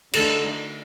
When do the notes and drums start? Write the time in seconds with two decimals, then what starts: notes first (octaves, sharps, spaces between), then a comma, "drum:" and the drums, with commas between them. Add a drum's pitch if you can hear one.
0.13 D3 A3 D#4 A4, drum: cymbal